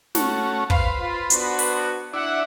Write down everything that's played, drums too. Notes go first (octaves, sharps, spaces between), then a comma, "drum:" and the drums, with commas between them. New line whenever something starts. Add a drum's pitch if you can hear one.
A3 C#4 F#4, drum: snare
B4 C5 F5, drum: kick
F4
B3 D4 F#4, drum: hi-hat
drum: open hi-hat
D4 E4 E5 F#5